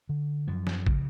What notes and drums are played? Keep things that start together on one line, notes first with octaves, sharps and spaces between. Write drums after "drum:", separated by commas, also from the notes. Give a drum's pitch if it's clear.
D3
F#2 F3
drum: snare
C#3, drum: kick